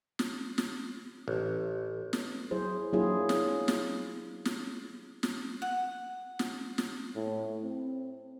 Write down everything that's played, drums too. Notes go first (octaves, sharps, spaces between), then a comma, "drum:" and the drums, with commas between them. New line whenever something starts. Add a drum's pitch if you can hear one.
drum: snare
drum: snare
A1
drum: snare
F#3 E4 G#4 C5
F#3 A#3 D4 E4 F4 G#4
drum: snare
drum: snare
drum: snare
drum: snare
F#5
drum: snare
drum: snare
A2
C4